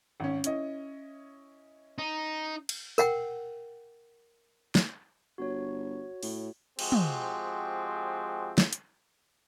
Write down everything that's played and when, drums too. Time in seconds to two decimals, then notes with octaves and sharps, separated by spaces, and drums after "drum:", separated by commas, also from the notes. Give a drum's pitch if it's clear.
0.20 G#1 C#4
0.44 C#4 E4 D#5, drum: hi-hat
1.98 D#4
2.69 drum: cymbal
2.98 A#4 F#5 G5, drum: tambourine
4.75 drum: snare
5.38 G1 F#4 C#5
6.23 A2, drum: open hi-hat
6.79 F3 G#3 C4 F#4 G4, drum: cymbal
6.92 drum: tom
8.58 drum: snare
8.73 drum: hi-hat